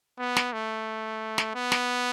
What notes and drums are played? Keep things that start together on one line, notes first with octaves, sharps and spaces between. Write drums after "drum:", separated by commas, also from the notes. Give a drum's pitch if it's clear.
B3
drum: snare
A3
drum: snare
B3
drum: snare